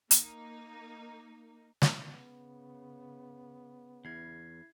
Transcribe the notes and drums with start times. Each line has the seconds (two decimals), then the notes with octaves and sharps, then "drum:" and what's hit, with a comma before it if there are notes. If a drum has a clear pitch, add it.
0.11 A#3 D#4, drum: hi-hat
1.82 drum: snare
2.05 C#3 B3
4.05 E2 E4 G#6 C7